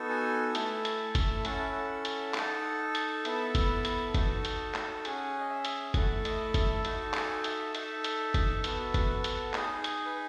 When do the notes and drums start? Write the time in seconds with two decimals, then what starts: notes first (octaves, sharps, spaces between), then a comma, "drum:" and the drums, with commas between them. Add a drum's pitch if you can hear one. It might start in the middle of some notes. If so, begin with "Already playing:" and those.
Already playing: B3 D#4 F#4 A4
0.09 G#5
0.55 A3 E4 A4, drum: hi-hat
0.85 drum: hi-hat
1.15 drum: kick, hi-hat
1.45 C#4 E4 A4 F#5, drum: hi-hat
1.59 E5
1.72 F#5
2.05 drum: hi-hat
2.34 D#4 A4, drum: clap
2.95 drum: hi-hat
3.25 B3 E4 A4 E5, drum: hi-hat
3.55 drum: kick, hi-hat
3.85 drum: hi-hat
4.14 D#4 F#4 A4, drum: kick, hi-hat
4.45 drum: hi-hat
4.75 drum: clap
5.05 C#4 G#4 F#5, drum: hi-hat
5.40 D#5
5.50 E5
5.65 drum: hi-hat
5.94 A3 E4 A4 F#5, drum: kick, hi-hat
6.25 D#5, drum: hi-hat
6.54 E5, drum: kick, hi-hat
6.85 D#4 F#4 A4, drum: hi-hat
7.14 G#5, drum: clap
7.44 E5, drum: hi-hat
7.75 D#4 A4 E5, drum: hi-hat
8.04 drum: hi-hat
8.34 drum: kick, hi-hat
8.64 B3 F#4 A4, drum: hi-hat
8.94 drum: kick, hi-hat
9.24 drum: hi-hat
9.54 D#4 G#4 D#5, drum: clap
9.84 drum: hi-hat
10.06 B4